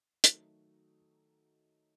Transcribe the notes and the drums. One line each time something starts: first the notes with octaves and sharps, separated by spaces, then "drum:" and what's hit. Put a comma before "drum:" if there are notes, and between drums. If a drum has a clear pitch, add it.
D#3 F#3 A3 D#4 F#4, drum: hi-hat